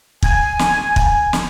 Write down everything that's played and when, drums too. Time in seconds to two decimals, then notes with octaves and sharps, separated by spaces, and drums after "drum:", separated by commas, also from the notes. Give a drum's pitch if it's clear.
0.23 G#5, drum: kick
0.59 drum: snare
0.96 drum: kick
1.33 drum: snare